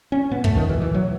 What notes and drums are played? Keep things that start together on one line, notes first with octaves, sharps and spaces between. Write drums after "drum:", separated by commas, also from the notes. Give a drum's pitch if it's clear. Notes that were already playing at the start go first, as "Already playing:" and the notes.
C#4
A#2 B3
A3, drum: kick
D#3
B2 E3
E3
F#3